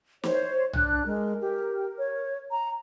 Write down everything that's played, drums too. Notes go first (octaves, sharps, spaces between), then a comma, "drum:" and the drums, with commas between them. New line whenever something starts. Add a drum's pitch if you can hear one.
C5 C#5, drum: snare
D4 F#6, drum: tom
G#3 A#4
G4
C#5
A#5